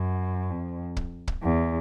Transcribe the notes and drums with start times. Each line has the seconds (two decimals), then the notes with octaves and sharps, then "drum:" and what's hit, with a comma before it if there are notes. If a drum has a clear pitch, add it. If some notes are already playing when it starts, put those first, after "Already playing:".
Already playing: F#2
0.50 F2
0.97 drum: kick
1.28 drum: kick
1.43 E2